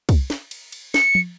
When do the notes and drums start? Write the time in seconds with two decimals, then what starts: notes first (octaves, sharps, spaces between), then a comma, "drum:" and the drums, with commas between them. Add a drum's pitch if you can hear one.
0.09 drum: kick, cymbal
0.30 drum: snare
0.51 drum: cymbal
0.72 drum: cymbal
0.94 C#7, drum: snare
1.15 drum: tom F3